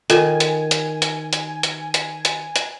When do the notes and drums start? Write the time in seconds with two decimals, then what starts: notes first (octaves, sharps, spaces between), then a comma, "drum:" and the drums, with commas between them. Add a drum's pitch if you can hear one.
0.10 D#3 F4 A4 G#5, drum: hi-hat
0.40 drum: hi-hat
0.71 drum: hi-hat
1.02 drum: hi-hat
1.33 drum: hi-hat
1.63 drum: hi-hat
1.94 drum: hi-hat
2.25 drum: hi-hat
2.56 drum: hi-hat